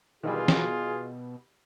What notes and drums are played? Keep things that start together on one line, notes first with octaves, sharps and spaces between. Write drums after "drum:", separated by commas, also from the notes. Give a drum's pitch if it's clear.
B2 D#3 E3 G3 F4 G#4
drum: snare